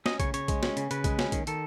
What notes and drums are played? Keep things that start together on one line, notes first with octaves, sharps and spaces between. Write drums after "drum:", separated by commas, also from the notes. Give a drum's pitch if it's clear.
C#4 D#5, drum: snare
C#3 C#5, drum: kick B1, hi-hat
C#3 C#5, drum: hi-hat
G#3, drum: kick B1, hi-hat
C#4, drum: snare
C#3, drum: hi-hat
C#3 B4, drum: hi-hat
G#3, drum: kick B1, hi-hat
C#4, drum: snare
D#3, drum: kick B1, hi-hat
D#3 A4, drum: hi-hat